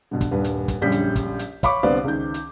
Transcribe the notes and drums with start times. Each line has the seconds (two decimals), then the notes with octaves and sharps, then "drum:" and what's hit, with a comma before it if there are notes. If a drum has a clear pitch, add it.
0.11 G2 B2 D3
0.21 drum: kick, hi-hat
0.31 D#1 G2 B4
0.44 drum: hi-hat
0.68 drum: kick, hi-hat
0.82 A#1 F#2 D3 G3 G6 B6
0.92 drum: hi-hat
1.16 drum: kick, hi-hat
1.39 drum: hi-hat
1.63 C#5 F5 B5 C#6 D6, drum: kick, hi-hat
1.83 C2 D3 B3 C5 D5 F5
2.04 C#2 D#3 G6
2.34 drum: hi-hat